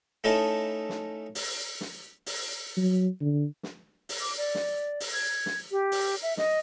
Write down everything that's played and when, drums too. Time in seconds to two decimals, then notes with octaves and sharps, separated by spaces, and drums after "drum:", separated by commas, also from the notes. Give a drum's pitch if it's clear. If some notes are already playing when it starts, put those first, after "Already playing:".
0.24 A3 C#4 D#4 E4 D#5 A5
0.89 drum: snare
1.35 drum: open hi-hat
1.81 drum: snare
2.26 drum: open hi-hat
2.77 F#3
3.21 D3
3.63 drum: snare
4.09 drum: open hi-hat
4.21 D6
4.37 D5
4.55 drum: snare
5.00 drum: open hi-hat
5.13 G#6
5.46 drum: snare
5.71 G4
5.92 drum: open hi-hat
6.22 E5
6.37 D#5, drum: snare